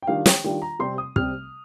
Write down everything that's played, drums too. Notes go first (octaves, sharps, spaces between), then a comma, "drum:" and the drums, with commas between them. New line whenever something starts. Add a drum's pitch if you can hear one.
G5
D#3 G3 D4 F4 F5
G5, drum: snare
D#3 G3 D4 F4 G5
A#5
C3 G3 C4 C6
D#6
C3 G3 C4 F6, drum: kick